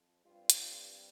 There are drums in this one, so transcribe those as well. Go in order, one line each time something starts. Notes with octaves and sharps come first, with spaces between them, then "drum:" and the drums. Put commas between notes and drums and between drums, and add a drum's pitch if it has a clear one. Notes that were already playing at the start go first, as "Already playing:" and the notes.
Already playing: F2 F3
G2 G3 C4 F4
drum: hi-hat